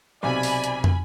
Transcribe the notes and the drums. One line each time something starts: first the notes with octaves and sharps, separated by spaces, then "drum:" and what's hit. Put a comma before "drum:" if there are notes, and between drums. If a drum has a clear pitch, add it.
B1 C3 D5 G#5 B5
drum: open hi-hat
drum: hi-hat
drum: tom